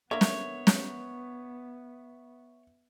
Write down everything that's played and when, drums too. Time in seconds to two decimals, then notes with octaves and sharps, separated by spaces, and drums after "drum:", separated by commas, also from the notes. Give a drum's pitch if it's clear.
0.11 D3 A#3 B3 C#5 E5
0.21 drum: snare
0.67 drum: snare